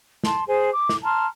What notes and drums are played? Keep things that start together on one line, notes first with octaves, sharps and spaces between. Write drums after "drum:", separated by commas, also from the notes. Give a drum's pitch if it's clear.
A5 C6, drum: snare
G#4 C5 G#5
D6
drum: snare
A5 A#5 C6 F6